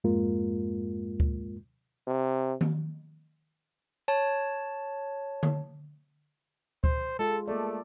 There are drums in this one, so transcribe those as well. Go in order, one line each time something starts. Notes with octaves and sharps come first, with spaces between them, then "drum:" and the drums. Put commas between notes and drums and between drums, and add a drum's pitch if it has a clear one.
F2 G#2 G#3 A#3 F4 A#4
drum: kick D2
C3
drum: tom D#3
C#5 A5
drum: tom D3
C5, drum: kick D2
G#3 F4 A4
A3 A#3 A4 D5